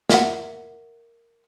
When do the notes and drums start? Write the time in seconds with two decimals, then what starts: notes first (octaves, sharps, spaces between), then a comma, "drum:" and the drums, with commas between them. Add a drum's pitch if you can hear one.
0.09 A#4 E5 F#5, drum: snare